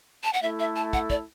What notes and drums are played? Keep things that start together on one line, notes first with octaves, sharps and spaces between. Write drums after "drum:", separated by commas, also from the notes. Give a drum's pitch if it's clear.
A5
F#5
A3 E4 A4 E5
E5
A5
F#5, drum: kick
D5, drum: kick